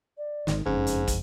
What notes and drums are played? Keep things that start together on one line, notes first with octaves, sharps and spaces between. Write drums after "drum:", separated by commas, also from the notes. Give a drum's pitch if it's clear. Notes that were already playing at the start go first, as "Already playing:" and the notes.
D5
G#1 G#2 D#3, drum: snare
F#1 F2 G#2 C#4
drum: hi-hat
drum: kick, hi-hat